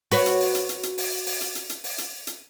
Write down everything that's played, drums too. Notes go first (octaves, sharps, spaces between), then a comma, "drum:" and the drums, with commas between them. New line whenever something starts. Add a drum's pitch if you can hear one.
F#4 B4 C#5, drum: open hi-hat
drum: hi-hat
drum: open hi-hat
drum: hi-hat
drum: hi-hat
drum: hi-hat
drum: open hi-hat
drum: open hi-hat
drum: hi-hat
drum: hi-hat
drum: hi-hat
drum: open hi-hat
drum: hi-hat
drum: hi-hat